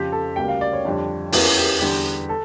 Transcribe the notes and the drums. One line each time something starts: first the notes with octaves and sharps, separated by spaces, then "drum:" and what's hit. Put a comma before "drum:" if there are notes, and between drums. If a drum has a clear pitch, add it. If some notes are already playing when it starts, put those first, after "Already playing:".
Already playing: F2 C#3 F3 G4
A4
D2 C#3 G3 A#3 G5
F5
D5
C#5
F2 D3 G3 D4
E2 E3 A#3 C#4, drum: open hi-hat
G4
E2 D3 G3 G4
A4